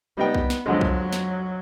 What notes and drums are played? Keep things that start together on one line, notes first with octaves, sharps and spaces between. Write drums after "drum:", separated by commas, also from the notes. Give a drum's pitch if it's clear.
G3 B3 D#4 G5
drum: kick B1
drum: snare
F2 D3 F#3 G#3
drum: kick B1
drum: snare